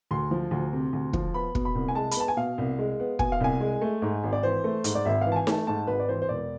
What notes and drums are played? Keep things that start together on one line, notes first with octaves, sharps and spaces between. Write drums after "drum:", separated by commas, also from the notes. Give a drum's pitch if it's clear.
D2 C6
F3
D2
C3
D2
F3, drum: kick
B3 B5
B2, drum: kick
B5
C2
G#5
G#3 A5
B5, drum: hi-hat
B3 A5
G#5
B2 F5
C2
G#3
B3
B2 G#5, drum: kick
F5
C2 G#5
G#3
A3
G#2
G#1
D5
E3 C5
A3
G#2, drum: hi-hat
D5
G#1 E5
E3 F5
A5
G#5
A3 A5, drum: snare D#4
G#2 A5
G#1 B4
D5
E3 C5
C5
E1 D5